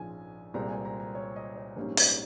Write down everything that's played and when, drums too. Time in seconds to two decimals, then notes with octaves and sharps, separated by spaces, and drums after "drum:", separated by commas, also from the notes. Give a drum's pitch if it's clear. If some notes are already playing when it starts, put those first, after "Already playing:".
Already playing: A#1 G#2 F3 G#3 C#4 G#5
0.54 C2 A#2 G#3 C4 A#5
0.70 G#5
0.85 A#5
1.00 A#5
1.15 C#5
1.36 D#5
1.56 C#5
1.76 A#1 G#2 G3 A#3 C#4 C5
1.97 G#4, drum: open hi-hat